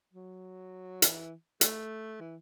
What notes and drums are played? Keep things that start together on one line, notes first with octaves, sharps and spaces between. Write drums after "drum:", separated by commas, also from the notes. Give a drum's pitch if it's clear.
F#3
E3, drum: hi-hat
A3, drum: hi-hat
E3